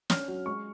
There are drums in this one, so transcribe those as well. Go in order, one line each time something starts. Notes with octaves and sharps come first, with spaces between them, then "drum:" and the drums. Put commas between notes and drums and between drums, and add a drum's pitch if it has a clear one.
C#4 F6, drum: snare
F#3
G#3 C#6